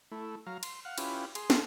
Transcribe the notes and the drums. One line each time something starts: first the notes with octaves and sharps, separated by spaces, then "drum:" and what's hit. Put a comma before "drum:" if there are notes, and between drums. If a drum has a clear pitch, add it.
A3 E4
F#3 F5 A#5
C6, drum: cymbal
F5 F#5
C#4 E4 F4 G4 B4, drum: cymbal
G#4 C6, drum: cymbal
drum: snare